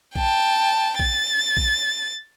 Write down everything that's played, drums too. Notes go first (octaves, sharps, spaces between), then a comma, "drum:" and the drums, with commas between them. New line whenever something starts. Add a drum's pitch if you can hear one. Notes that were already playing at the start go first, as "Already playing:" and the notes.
G5 A5, drum: kick A#1
A6, drum: kick A#1
drum: kick A#1